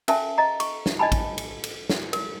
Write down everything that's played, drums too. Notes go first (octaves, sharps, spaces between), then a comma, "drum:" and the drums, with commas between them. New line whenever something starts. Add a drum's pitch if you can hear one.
C#4 A#4 E5 G#5 A5, drum: cymbal
D#5 A#5
C#6, drum: cymbal
drum: snare
D4 D#5 G#5 A5 B5
drum: kick, cymbal
drum: cymbal
drum: cymbal
drum: snare
A#4, drum: cymbal